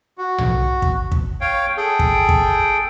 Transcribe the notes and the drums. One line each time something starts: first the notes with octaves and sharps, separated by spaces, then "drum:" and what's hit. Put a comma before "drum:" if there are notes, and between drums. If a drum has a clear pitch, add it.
F#4
drum: tom B1
drum: kick
drum: kick
C#5 F5 G5
G#4 A4 G5
drum: kick
drum: kick